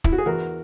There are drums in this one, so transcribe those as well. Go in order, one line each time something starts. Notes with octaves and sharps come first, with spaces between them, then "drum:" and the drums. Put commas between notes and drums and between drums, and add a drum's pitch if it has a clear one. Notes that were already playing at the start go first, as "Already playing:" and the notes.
E4, drum: kick
F#4
G#4
E2 F#4 A#4